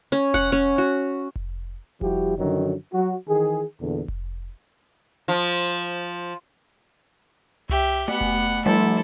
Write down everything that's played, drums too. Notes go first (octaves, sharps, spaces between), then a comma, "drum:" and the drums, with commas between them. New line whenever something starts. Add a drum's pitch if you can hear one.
C#4
F#5, drum: kick F1
C#4
F#4
drum: kick F1
F3 G3 E4 F#4 G4, drum: kick F1
F#2 D3 D#3 F3 F#3
F#3 F#4
D#3 E3 G#4
E2 A#2 D3
drum: kick F1
F3
G4 E5, drum: tom C2
A3 B3 F#5
drum: kick F1
F3 G3 A3 E4 A4, drum: hi-hat